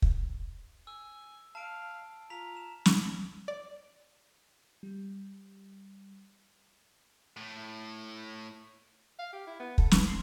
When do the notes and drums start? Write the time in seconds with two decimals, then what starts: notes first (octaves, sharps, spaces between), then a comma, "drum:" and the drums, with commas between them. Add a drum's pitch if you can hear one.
0.02 drum: kick
0.87 G#5 E6
1.55 F5 A5 D7
2.30 F4 A#5 B6 F7
2.57 E7
2.86 drum: snare
3.48 D5
4.83 G3
7.37 A2
9.19 F5
9.33 G4
9.47 E4
9.60 B3
9.78 A4, drum: kick
9.91 B4, drum: snare
10.07 C6